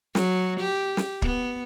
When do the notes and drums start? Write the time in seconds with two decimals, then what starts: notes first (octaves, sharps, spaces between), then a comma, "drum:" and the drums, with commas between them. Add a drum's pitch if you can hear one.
0.15 F#3, drum: snare
0.61 G4
0.97 drum: snare
1.22 B3, drum: kick